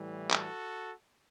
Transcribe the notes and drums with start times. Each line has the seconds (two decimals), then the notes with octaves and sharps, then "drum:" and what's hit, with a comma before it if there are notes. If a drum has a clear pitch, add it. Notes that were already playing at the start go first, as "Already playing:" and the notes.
Already playing: A2 E3 G3
0.31 F#4 A4, drum: clap